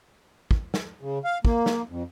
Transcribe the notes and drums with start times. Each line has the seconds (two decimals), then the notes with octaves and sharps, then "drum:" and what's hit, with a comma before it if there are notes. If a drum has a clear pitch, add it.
0.51 drum: kick
0.74 drum: snare
1.01 C#3
1.24 F5
1.45 A#3, drum: kick
1.66 drum: snare
1.89 F2